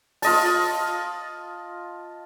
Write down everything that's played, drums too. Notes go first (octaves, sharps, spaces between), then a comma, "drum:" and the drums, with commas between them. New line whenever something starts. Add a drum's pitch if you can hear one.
F4 D#5 A5, drum: open hi-hat